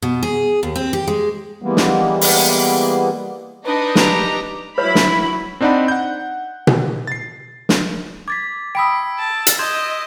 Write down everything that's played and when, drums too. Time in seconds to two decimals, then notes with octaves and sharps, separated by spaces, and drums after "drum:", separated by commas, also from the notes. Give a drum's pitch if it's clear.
0.02 B2
0.23 G#4
0.63 D#2
0.76 C4
0.93 G4
1.08 G#3
1.62 E3 G3 G#3 A#3 B3
1.77 drum: snare
2.21 drum: open hi-hat
3.65 D4 D#4 B4 D#5
3.95 G4 A#5, drum: snare
4.78 F#3 E4 B4 C#5 B5
4.95 drum: snare
5.61 C4 D4 D#4 D5 F#5 B5
5.88 F#5 G6
6.67 drum: tom B2
7.07 A6 C7
7.69 drum: snare
8.28 D6 G#6 A6 B6
8.75 G5 B5 D#6 E6 B6 D7
9.19 A5
9.47 drum: hi-hat
9.59 D#5 C6 G6 G#6 E7